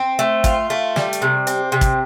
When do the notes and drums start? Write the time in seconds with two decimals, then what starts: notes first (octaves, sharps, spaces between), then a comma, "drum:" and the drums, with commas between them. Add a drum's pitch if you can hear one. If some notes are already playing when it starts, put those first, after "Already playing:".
Already playing: C4
0.19 A3
0.44 F4, drum: kick, hi-hat
0.70 A3
0.96 G3, drum: snare
1.13 drum: hi-hat
1.22 C3
1.47 C4, drum: hi-hat
1.72 C3
1.81 drum: kick, hi-hat